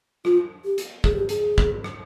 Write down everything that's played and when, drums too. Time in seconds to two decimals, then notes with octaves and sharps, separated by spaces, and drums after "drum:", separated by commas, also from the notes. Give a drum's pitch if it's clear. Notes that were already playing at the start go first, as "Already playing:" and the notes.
0.25 F4, drum: rim click
0.65 G4
0.78 drum: hi-hat
1.04 G#4, drum: kick
1.16 G4
1.29 G#4, drum: hi-hat
1.58 drum: kick
1.84 drum: rim click